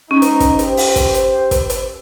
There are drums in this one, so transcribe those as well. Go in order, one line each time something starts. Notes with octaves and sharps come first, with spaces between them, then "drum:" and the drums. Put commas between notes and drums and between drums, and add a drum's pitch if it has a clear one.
G#3 C#4 D#4
drum: hi-hat
drum: kick, hi-hat
G4 C5, drum: hi-hat
drum: open hi-hat
drum: kick, hi-hat
drum: hi-hat
drum: kick, hi-hat
drum: hi-hat